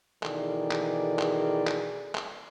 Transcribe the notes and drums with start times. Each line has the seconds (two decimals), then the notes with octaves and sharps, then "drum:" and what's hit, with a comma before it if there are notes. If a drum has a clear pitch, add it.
0.23 B2 D#3 E3 G#4 A4 D5, drum: clap
0.71 drum: clap
1.19 drum: clap
1.67 drum: clap
2.15 drum: clap